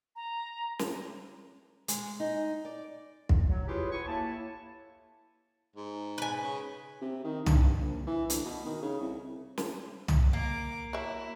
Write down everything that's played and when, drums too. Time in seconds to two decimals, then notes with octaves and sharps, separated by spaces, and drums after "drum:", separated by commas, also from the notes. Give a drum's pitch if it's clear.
0.16 A#5
0.79 drum: snare
1.88 G#3, drum: hi-hat
2.20 D#4
2.65 D5
3.29 drum: kick
3.48 F#3
3.68 C#4 E4 F4 G4 G#4 B4
3.92 F#3 C#5 G#5 C#6
4.07 A2 A#3 E4 A5
5.76 G#2
6.18 B4 G#5
6.41 C#3
7.01 C3
7.24 D#3
7.46 G2, drum: tom
7.61 G2
7.80 A#1
8.07 E3
8.30 D2, drum: hi-hat
8.45 B2
8.65 D#3
8.82 C#3
9.00 C2
9.58 drum: snare
10.08 drum: tom
10.33 A#3 D6
10.93 F#3 E4 E5